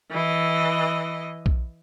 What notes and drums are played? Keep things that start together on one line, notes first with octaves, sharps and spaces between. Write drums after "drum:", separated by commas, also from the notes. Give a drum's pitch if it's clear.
E3 D#5
drum: kick B1